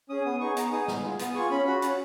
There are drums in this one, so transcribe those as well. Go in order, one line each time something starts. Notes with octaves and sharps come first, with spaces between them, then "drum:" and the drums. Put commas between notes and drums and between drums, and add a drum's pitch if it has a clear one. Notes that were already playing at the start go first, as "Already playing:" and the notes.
C#4 G#4 D#6
B3 D#6
D#4 G#4 C#6
B3 A#5, drum: hi-hat
D#4 G#4 D#6
B3, drum: snare
F4 G#4
B3 D#6, drum: hi-hat
F4 G#4 C#6
C#4 B5
F#4 B5
C#4, drum: hi-hat